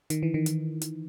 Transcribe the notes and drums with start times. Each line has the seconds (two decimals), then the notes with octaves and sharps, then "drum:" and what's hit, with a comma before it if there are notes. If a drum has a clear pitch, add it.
0.10 D#3, drum: hi-hat
0.23 E3
0.34 D#3
0.46 drum: hi-hat
0.82 drum: hi-hat